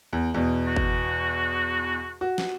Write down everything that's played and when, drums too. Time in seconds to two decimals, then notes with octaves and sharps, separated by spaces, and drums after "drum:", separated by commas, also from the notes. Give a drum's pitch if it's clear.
0.13 E2
0.34 E2 B2
0.66 F#4
0.76 drum: kick F#1
2.21 F#4
2.38 drum: snare